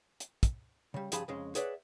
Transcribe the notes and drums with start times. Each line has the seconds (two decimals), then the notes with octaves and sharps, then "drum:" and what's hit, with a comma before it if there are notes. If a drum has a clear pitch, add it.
0.20 drum: hi-hat
0.43 drum: kick, hi-hat
0.94 C#3 G3
1.12 G2 C#3 F3 G#4 A5 B5, drum: hi-hat
1.28 F2 C#3 G#3
1.55 G#4 B4 C#5 D5 E5 F#5, drum: hi-hat